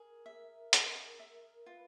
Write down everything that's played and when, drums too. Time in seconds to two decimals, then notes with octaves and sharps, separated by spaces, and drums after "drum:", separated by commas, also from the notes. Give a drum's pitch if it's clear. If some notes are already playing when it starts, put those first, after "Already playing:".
Already playing: G#4 A#4
0.26 E5
0.73 G#4, drum: hi-hat
1.19 E5
1.66 F4 B4